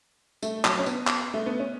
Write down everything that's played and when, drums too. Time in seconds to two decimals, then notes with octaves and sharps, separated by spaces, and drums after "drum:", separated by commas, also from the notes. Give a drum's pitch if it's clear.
0.43 A3, drum: tambourine
0.65 F#3, drum: clap
0.79 C#4
0.86 B3, drum: tambourine
1.07 drum: clap
1.34 A3
1.46 B3
1.60 C#4